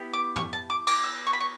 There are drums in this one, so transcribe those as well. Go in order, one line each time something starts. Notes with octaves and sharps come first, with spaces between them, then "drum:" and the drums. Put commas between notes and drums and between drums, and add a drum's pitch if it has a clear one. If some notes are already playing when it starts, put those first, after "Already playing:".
Already playing: B3 E4 G4
D6
C#6, drum: tom
A5
D6
D6, drum: cymbal
E6
C#6
B5
C#6